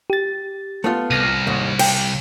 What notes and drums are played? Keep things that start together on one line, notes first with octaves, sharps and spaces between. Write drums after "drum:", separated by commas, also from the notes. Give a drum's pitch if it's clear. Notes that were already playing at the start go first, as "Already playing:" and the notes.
G4 A6
A3 B3 F4
C2 F6 A#6 D#7
D#2 G#2
G5, drum: cymbal